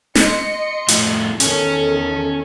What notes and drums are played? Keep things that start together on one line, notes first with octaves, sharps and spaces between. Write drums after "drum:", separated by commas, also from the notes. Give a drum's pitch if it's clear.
D#5 C6 C#7, drum: snare
F2 A2 F4, drum: hi-hat
E2 D#3 C#4 A4 C#5, drum: hi-hat